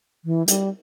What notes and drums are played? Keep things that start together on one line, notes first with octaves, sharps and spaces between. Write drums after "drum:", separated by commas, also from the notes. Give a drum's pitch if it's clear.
E3
G3, drum: hi-hat